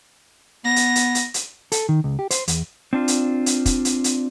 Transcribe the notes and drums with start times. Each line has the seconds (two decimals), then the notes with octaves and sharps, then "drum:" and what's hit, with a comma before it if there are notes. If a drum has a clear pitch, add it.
0.64 B3 A#6
0.76 drum: hi-hat
0.96 drum: hi-hat
1.15 drum: hi-hat
1.34 drum: hi-hat
1.72 A4, drum: hi-hat
1.89 D#3
2.04 C#2
2.19 G4
2.31 C5, drum: hi-hat
2.48 E2, drum: hi-hat
2.93 C4 D4 F4
3.08 drum: hi-hat
3.46 drum: hi-hat
3.66 drum: kick, hi-hat
3.85 drum: hi-hat
4.04 drum: hi-hat